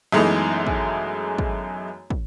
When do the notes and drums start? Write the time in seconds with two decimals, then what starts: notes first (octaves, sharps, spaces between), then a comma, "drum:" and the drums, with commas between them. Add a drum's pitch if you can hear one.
0.12 F#2 E3 G#3 A3 B3 D#4
0.66 drum: kick
1.38 drum: kick
2.10 drum: kick